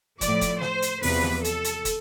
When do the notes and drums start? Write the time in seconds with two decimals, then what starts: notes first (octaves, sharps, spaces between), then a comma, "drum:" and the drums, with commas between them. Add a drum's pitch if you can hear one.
0.21 A2 F3 D5, drum: kick, hi-hat
0.41 drum: kick, hi-hat
0.61 C5, drum: snare
0.82 drum: hi-hat
1.03 E2 C3 F3 B4, drum: open hi-hat
1.23 drum: snare
1.44 A4, drum: hi-hat
1.64 drum: hi-hat
1.85 drum: kick, hi-hat